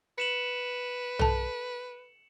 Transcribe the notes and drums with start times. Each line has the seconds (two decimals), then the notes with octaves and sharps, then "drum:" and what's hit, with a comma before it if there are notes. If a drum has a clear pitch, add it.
0.18 B4 C#7 E7 F#7
1.19 A4 A5, drum: tom B1